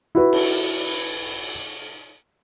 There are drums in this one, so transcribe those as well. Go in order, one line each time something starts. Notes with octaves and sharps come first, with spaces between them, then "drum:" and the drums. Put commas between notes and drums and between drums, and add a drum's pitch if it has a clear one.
E4 F#4 B4
drum: cymbal